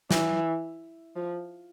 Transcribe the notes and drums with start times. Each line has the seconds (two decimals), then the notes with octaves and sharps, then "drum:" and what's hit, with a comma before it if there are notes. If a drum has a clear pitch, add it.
0.11 E3, drum: snare
1.16 F3